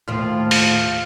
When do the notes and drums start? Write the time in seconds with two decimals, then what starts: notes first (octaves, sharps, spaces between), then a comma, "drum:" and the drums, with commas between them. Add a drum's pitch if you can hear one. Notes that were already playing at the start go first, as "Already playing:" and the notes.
0.08 D#2 A2 F3 F4
0.51 drum: open hi-hat